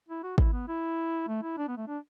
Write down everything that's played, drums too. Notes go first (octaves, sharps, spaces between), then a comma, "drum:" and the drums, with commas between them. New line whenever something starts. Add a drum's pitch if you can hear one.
E4
F#4
E4, drum: kick G#1
B3
E4
A3
E4
D4
B3
A3
D4